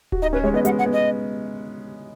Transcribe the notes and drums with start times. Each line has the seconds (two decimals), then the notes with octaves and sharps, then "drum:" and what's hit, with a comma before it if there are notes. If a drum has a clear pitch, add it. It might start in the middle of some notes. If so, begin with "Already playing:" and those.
0.12 F#4, drum: kick D1
0.22 D#4 D#5
0.33 C#4 B4
0.44 G#3 C#5
0.54 B3 D#5
0.65 G#3 F#5, drum: hi-hat
0.79 F#5
0.86 B3
0.93 D#5